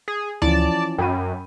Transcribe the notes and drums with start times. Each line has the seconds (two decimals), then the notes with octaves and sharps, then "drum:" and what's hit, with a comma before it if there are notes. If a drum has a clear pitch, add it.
0.08 G#4
0.42 E3 F3 C#4 D5 A5, drum: tom D2
0.98 F#2 G5 B5 D#7